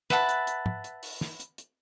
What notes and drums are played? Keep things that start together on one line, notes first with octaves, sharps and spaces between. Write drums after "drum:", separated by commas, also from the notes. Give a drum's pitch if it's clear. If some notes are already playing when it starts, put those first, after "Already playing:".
B4 E5 F#5 A5, drum: snare
drum: hi-hat
drum: hi-hat
drum: tom
drum: hi-hat
drum: open hi-hat
drum: snare
drum: hi-hat
drum: hi-hat